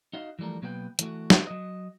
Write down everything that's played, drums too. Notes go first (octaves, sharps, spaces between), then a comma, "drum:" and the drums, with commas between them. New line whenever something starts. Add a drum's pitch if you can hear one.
D#4 F#4 D#5 F5
E3 F3 G3 A3 A#4
B2 F#3 A#3 B3 B4 G5
E3 A3 F#4, drum: hi-hat
drum: snare
F#3 D#5